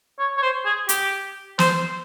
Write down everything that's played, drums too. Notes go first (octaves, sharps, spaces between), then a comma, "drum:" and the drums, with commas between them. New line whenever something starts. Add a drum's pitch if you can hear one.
C#5
C#5
C5
G#4
G4, drum: hi-hat
C5, drum: snare